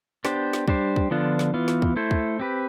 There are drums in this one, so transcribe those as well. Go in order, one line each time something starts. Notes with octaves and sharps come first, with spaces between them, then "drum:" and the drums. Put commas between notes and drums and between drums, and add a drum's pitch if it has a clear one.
B3 D4 G4 C5, drum: snare
drum: snare
G3 D4 G4 C5, drum: kick
drum: kick
D3 F3 B3 D4 F4
drum: snare
E3 B3 F4
drum: snare
drum: kick
A3 E4 A4 C5
drum: kick
C4 G4 B4